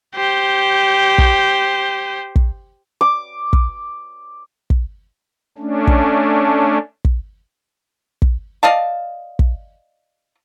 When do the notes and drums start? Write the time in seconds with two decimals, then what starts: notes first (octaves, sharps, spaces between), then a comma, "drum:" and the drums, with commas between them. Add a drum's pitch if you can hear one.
0.15 G4 C5
1.18 drum: kick
2.36 drum: kick
3.01 D6
3.53 drum: kick
4.70 drum: kick
5.58 A3 C#4 D4
5.87 drum: kick
7.05 drum: kick
8.22 drum: kick
8.63 D5 D#5 F5 A5
9.39 drum: kick